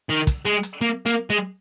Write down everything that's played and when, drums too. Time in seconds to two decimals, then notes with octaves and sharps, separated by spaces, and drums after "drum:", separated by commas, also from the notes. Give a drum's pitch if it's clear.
0.09 D#3
0.27 drum: kick, hi-hat
0.45 G#3
0.63 drum: hi-hat
0.81 A#3
1.06 A#3
1.30 G#3